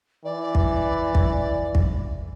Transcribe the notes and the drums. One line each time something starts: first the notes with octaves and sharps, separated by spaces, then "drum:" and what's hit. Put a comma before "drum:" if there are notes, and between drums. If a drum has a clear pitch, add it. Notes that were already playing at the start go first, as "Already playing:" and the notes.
E3 D5
drum: kick
drum: kick
drum: kick